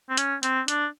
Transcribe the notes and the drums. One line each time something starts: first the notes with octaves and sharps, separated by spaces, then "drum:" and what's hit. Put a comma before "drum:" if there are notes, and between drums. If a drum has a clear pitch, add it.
C4
C#4, drum: hi-hat
C4, drum: hi-hat
D4, drum: hi-hat